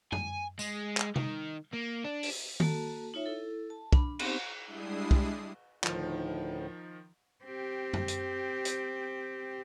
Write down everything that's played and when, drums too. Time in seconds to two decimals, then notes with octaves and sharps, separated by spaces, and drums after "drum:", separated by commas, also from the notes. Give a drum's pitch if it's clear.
0.12 G#5, drum: tom F#2
0.59 G#3, drum: tambourine
0.97 drum: clap
1.16 D#3, drum: tom C3
1.74 A#3
2.05 D4
2.23 drum: open hi-hat
2.60 A#3 F#4 A4 A5, drum: tom D#3
3.14 D#4 F4 C#5 E5
3.26 E4 A4
3.70 A5
3.92 D4 B5, drum: kick
4.19 B3 C4 D#4 G4 C5, drum: cymbal
4.65 G3 G#3 D4 E4 D#6 C7
5.11 drum: kick
5.84 D2 A2 D#3 F3 D#4, drum: clap
7.44 C4 G4
7.93 drum: tom F#2
8.08 drum: hi-hat
8.65 drum: hi-hat